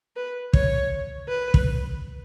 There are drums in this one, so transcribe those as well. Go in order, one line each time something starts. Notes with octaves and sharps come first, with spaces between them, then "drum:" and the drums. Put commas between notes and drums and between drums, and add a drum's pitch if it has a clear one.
B4
C#5, drum: kick
B4
drum: kick